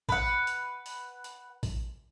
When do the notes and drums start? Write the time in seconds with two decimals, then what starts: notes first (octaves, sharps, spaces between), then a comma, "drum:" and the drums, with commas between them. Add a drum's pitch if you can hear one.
0.09 B4 F#5, drum: kick A1
0.47 drum: hi-hat
0.86 drum: open hi-hat
1.24 drum: hi-hat
1.63 drum: kick A1, open hi-hat